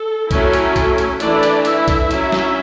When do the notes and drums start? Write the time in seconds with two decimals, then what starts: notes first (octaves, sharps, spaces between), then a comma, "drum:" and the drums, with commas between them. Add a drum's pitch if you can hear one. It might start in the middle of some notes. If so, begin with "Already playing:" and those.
Already playing: A4
0.31 F#3 A3 C#4 E4, drum: kick B1, hi-hat
0.53 drum: hi-hat
0.76 drum: kick B1, hi-hat
0.98 drum: hi-hat
1.20 E3 A3 D4 E4 D5, drum: hi-hat
1.43 drum: hi-hat
1.65 E4 E5, drum: hi-hat
1.88 drum: kick B1, hi-hat
2.11 F#3 C#4 E4, drum: hi-hat
2.32 drum: snare